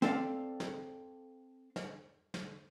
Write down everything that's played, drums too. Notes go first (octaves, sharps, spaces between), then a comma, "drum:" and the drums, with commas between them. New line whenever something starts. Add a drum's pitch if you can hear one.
C4 A4 D5 F5, drum: snare
drum: snare
drum: snare
drum: snare